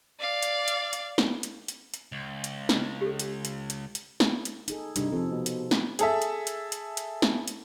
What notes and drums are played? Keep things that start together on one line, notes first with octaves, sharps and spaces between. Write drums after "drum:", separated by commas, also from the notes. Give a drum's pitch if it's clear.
D5 F5
drum: hi-hat
drum: hi-hat
drum: hi-hat
drum: snare
drum: hi-hat
drum: hi-hat
drum: hi-hat
C#2
drum: hi-hat
drum: snare
G4 A4
drum: hi-hat
drum: hi-hat
drum: hi-hat
drum: hi-hat
drum: snare
drum: hi-hat
D#4 G#4 A4, drum: hi-hat
G2 C3 D#4, drum: hi-hat
F2 F3 A4
B2
drum: hi-hat
drum: snare
G#4 A4 E5, drum: hi-hat
drum: hi-hat
drum: hi-hat
drum: hi-hat
drum: hi-hat
drum: snare
drum: hi-hat